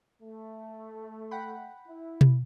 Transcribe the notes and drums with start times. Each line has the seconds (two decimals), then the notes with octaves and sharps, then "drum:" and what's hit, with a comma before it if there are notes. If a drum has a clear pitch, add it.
0.22 A3
1.31 F#5 G5 B5
1.87 E4
2.21 drum: tom B2